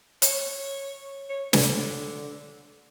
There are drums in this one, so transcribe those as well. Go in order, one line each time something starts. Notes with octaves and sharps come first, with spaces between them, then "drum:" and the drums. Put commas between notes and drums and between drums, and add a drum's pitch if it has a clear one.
C#5, drum: hi-hat
C#5
D3, drum: snare